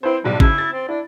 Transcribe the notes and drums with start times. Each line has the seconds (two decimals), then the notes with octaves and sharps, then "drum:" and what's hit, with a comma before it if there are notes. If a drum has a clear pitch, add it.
0.03 C4 E4 B4 C5
0.24 B1 G#2 G3
0.40 C#3 E4, drum: kick
0.58 A6
0.72 C4
0.89 D4 E4